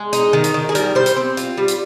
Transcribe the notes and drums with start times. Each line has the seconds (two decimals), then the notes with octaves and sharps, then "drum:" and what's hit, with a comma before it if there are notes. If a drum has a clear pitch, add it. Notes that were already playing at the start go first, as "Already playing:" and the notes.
Already playing: G#3
0.13 D#4, drum: hi-hat
0.33 D#3
0.44 drum: hi-hat
0.54 D#3
0.69 G#4
0.75 G3 A#4, drum: hi-hat
0.95 G3 C5
1.06 drum: hi-hat
1.16 C4
1.37 F4, drum: hi-hat
1.57 G3
1.68 drum: hi-hat